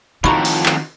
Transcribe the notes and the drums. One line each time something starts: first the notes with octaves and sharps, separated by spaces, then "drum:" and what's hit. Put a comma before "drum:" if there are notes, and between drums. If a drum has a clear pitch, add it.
F2 A2 D#3 F4 F#4 A#5 B5 C#6
drum: open hi-hat
drum: clap